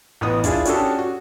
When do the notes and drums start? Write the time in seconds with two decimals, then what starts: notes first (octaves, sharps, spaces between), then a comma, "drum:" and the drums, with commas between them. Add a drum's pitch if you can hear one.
0.21 A1 B3 D#6
0.44 D4 E4 F4 G#4, drum: kick, hi-hat
0.65 C#4 D4 F#4 G4 A4, drum: hi-hat
0.98 F#4